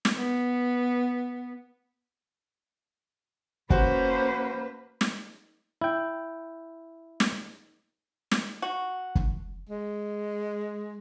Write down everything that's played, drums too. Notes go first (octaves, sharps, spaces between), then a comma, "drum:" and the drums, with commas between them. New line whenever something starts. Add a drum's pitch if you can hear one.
drum: snare
B3
A#3 C#4 F#4 B4 C5, drum: kick
drum: snare
E4 G5
drum: snare
drum: snare
F#4
drum: kick
G#3